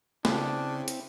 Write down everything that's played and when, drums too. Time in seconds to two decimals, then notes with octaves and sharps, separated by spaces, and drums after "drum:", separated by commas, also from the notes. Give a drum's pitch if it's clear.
0.25 C#3 C4 D4 E4, drum: snare
0.88 drum: hi-hat